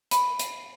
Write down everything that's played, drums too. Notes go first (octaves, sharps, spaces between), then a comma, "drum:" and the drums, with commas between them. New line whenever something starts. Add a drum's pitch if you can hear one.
B5, drum: hi-hat
drum: hi-hat